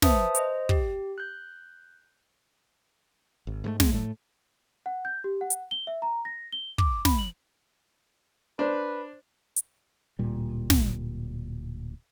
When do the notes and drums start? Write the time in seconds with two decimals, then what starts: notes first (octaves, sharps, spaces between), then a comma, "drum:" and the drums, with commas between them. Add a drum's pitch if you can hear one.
0.02 B4 C5 E5 F#5 A5 D#6, drum: snare
0.35 C5 D#5, drum: hi-hat
0.69 G4, drum: kick
1.18 F#6 G6
3.47 G#1
3.64 G#2 G3 A3
3.80 G#3, drum: snare
3.92 A2 A3
4.86 F#5
5.05 G6
5.24 G4
5.41 F#5
5.50 drum: hi-hat
5.71 G7
5.87 E5
6.02 A#5
6.25 A#6
6.52 G7
6.78 D6, drum: kick
7.05 B5, drum: snare
7.19 F#7
8.59 D4 B4 C5
9.56 drum: hi-hat
10.19 D1 A#2 G3
10.70 drum: snare